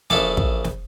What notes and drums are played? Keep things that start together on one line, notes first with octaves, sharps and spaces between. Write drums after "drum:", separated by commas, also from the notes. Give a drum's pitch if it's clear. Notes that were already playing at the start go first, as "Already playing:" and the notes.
A#1 C#3 E4 A4 F5 D6, drum: snare
drum: kick
drum: snare